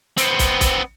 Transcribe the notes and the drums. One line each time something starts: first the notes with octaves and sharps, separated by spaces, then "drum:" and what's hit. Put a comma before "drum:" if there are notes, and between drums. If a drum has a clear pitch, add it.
B3 C4, drum: hi-hat
drum: kick, hi-hat
drum: kick, hi-hat